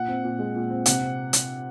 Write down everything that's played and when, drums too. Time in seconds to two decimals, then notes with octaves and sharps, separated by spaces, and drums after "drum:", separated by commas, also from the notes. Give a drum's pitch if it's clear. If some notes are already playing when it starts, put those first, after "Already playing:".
Already playing: A#2 F#5
0.08 C4
0.24 A#2
0.39 G#3
0.56 A#2
0.70 C4
0.86 C3 F#5, drum: hi-hat
1.02 C4
1.33 drum: hi-hat